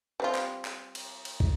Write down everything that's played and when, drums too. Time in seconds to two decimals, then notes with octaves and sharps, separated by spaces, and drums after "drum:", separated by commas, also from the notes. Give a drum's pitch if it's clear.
0.20 G3 C4 F4
0.35 drum: clap
0.65 drum: clap
0.95 drum: cymbal
1.25 drum: cymbal
1.40 drum: kick